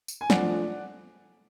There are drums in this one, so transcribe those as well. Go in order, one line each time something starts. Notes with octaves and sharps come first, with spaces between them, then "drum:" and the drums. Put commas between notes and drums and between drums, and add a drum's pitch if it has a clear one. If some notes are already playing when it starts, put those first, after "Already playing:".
drum: tambourine
G#5
F1 F2 F3 A3 D4 D5 F#5, drum: snare